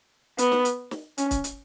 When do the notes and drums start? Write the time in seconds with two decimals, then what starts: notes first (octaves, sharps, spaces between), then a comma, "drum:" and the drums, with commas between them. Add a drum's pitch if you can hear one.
0.38 B3, drum: hi-hat
0.52 drum: snare
0.65 drum: hi-hat
0.91 drum: snare
1.18 C#4, drum: hi-hat
1.31 drum: kick C#1, hi-hat
1.44 drum: hi-hat